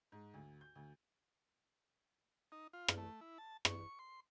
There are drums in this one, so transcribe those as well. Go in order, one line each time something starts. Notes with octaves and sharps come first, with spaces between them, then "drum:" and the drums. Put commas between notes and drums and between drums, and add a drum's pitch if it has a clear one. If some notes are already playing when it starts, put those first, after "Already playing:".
G#2
D2
G6
D2
D#4
F4
drum: rim click
A3
E4
A5
C#6, drum: rim click
C6